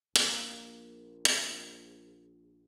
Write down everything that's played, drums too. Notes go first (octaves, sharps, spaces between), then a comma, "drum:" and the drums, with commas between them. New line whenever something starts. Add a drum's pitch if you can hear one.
A#1 A#3, drum: hi-hat
drum: hi-hat